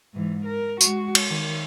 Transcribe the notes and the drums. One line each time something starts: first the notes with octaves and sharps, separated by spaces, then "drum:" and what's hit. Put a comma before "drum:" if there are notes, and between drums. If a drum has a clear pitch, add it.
G#2 E3
A#4
G#3 F#4, drum: tambourine
drum: cymbal
D#3